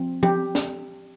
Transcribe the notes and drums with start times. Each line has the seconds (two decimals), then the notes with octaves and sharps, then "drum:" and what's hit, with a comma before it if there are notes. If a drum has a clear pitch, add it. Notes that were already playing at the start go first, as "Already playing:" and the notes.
Already playing: F3 C4
0.23 G4, drum: tom F3
0.55 drum: snare